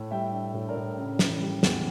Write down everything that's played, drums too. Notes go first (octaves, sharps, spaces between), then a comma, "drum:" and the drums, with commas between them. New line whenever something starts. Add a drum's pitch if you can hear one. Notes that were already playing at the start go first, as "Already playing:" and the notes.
Already playing: A2
G3 E5 G5
D4
A2
A#4 D5
A2
C#3
E3, drum: snare
G3
E2, drum: snare